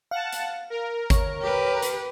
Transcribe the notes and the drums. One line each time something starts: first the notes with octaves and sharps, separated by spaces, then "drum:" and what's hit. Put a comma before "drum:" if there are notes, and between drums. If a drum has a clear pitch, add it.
F5 F#5 A5
drum: hi-hat
A#4
C#5, drum: kick G#1, hi-hat
G4 B4
drum: hi-hat